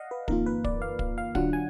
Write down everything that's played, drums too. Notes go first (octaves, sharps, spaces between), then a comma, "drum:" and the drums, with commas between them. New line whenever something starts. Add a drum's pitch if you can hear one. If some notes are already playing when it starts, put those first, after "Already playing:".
Already playing: D5 D#5 F5 F#5
B4
F2 D#3 A#3 F4 A#4, drum: kick
B4
D5, drum: kick
F5
F5, drum: kick
F5
D3 F#3 D4 F4 F#5, drum: kick
G#5